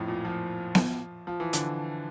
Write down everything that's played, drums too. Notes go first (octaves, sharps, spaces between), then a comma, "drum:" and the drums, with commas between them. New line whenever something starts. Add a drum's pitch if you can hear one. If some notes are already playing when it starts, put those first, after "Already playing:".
Already playing: F2 A2
A#2
F3
drum: snare B3
F3
E3
D3, drum: hi-hat